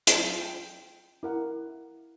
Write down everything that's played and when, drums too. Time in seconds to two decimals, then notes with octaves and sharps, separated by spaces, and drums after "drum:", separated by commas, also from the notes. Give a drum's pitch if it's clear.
0.07 F#2 F4 A5, drum: hi-hat
0.41 G5
1.23 E4 A#4 F#5